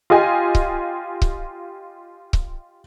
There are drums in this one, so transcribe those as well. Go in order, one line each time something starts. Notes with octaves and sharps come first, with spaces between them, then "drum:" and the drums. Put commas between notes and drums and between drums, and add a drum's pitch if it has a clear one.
F4 G4 D#5 G#5
drum: kick C#1
drum: kick C#1
drum: kick C#1